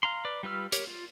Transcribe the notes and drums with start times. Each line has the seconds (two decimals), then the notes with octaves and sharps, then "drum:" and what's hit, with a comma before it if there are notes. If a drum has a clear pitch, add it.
0.03 F5 A#5 C6
0.25 B4 D5
0.43 G3 F4 B4 E6 F6
0.72 G4 A#4 C#5, drum: hi-hat
0.87 F4